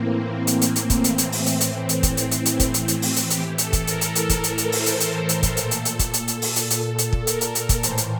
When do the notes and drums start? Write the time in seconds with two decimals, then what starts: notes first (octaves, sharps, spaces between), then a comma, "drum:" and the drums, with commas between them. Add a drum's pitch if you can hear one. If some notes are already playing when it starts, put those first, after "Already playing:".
Already playing: A2 E3 A#3 C4
0.19 C4
0.47 A#3, drum: hi-hat
0.61 drum: hi-hat
0.76 drum: hi-hat
0.90 drum: kick, hi-hat
1.04 A2 E3 C4, drum: hi-hat
1.18 drum: hi-hat
1.32 drum: open hi-hat
1.46 drum: hi-hat
1.61 drum: hi-hat
1.89 drum: hi-hat
2.03 drum: kick, hi-hat
2.17 drum: hi-hat
2.31 drum: hi-hat
2.45 drum: hi-hat
2.60 drum: kick, hi-hat
2.74 C4, drum: hi-hat
2.88 drum: hi-hat
3.02 C4, drum: open hi-hat
3.16 drum: hi-hat
3.30 A2 E3 G4, drum: hi-hat
3.58 A4, drum: hi-hat
3.73 drum: kick, hi-hat
3.87 A#4, drum: hi-hat
4.01 drum: hi-hat
4.15 drum: hi-hat
4.29 drum: kick, hi-hat
4.44 A#4, drum: hi-hat
4.58 drum: hi-hat
4.72 C5, drum: open hi-hat
4.86 drum: hi-hat
5.00 A#4, drum: hi-hat
5.29 A4, drum: hi-hat
5.43 drum: kick, hi-hat
5.57 A#2, drum: hi-hat
5.71 drum: hi-hat
5.85 drum: hi-hat
5.99 drum: kick, hi-hat
6.13 drum: hi-hat
6.28 drum: hi-hat
6.42 drum: open hi-hat
6.56 drum: hi-hat
6.70 A4, drum: hi-hat
6.98 drum: hi-hat
7.13 drum: kick
7.27 A#4, drum: hi-hat
7.41 drum: hi-hat
7.55 drum: hi-hat
7.69 drum: kick, hi-hat
7.83 A2 E3 C5, drum: hi-hat
7.97 drum: hi-hat